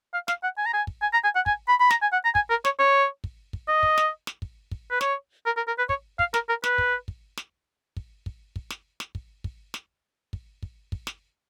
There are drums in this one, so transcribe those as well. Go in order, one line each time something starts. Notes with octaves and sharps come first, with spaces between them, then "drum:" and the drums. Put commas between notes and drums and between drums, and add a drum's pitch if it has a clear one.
F5
F5, drum: snare
F#5
G#5
A#5
G#5
drum: kick
G#5
A#5
G#5
F#5
G#5, drum: kick
B5
B5
A#5, drum: snare
G#5
F#5
A#5
G#5, drum: kick
A#4
C#5, drum: snare
C#5
drum: kick
drum: kick
D#5
drum: kick
drum: snare
drum: snare
drum: kick
drum: kick
B4
C#5, drum: snare
A#4
A#4
A#4
B4
C#5, drum: kick
F5, drum: kick
A#4, drum: snare
A#4
B4, drum: snare
drum: kick
drum: kick
drum: snare
drum: kick
drum: kick
drum: kick
drum: snare
drum: snare
drum: kick
drum: kick
drum: snare
drum: kick
drum: kick
drum: kick
drum: snare